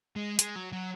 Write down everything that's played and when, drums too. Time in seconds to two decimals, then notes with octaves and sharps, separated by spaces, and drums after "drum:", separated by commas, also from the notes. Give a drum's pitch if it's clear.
0.16 G#3
0.39 G#3, drum: hi-hat
0.56 F#3
0.72 F#3